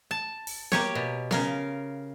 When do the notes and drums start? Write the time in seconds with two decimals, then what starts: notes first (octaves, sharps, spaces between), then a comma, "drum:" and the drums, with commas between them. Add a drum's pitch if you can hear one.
0.11 A5
0.47 drum: open hi-hat
0.72 A#3 G4 C#5, drum: snare B3
0.95 B2
1.31 C#3 A#4 F5, drum: snare B3